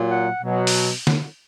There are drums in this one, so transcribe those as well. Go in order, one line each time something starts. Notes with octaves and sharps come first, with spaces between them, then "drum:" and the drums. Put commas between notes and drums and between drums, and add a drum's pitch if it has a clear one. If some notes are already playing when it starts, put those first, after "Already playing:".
Already playing: A#2 F#3
F#5
B2 F#3
drum: open hi-hat
drum: snare D3